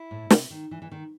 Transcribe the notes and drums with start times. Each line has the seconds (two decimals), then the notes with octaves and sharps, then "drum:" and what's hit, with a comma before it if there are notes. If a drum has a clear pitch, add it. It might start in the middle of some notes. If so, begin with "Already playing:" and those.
Already playing: E4
0.11 A2
0.30 C3, drum: snare
0.50 D#3
0.71 E3
0.82 E3
0.92 D#3